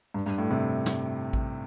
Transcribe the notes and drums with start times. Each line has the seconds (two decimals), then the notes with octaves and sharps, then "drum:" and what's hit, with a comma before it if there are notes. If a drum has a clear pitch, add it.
0.14 G2
0.26 G2
0.38 A2
0.50 C3
0.86 drum: snare
1.33 drum: kick A1